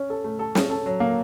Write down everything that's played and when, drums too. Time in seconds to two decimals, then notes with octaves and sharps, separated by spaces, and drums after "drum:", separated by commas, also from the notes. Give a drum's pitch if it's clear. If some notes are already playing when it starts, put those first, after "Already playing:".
Already playing: C#4
0.10 A4
0.24 A3
0.39 A4
0.55 C#4, drum: snare
0.70 A4
0.86 F#3
1.00 A#3